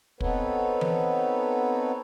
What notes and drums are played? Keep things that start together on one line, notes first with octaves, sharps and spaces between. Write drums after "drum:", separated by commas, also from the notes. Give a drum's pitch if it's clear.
B3 C4 D#4 A4 B4 C#5, drum: kick
drum: tom E3